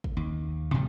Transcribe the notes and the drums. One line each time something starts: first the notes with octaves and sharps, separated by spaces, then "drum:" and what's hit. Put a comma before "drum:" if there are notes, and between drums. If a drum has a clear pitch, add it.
drum: kick
D#2
A2 C3 F3 G3